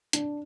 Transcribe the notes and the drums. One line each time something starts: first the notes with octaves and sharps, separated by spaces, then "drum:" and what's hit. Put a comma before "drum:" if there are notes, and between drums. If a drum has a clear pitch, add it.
D4, drum: hi-hat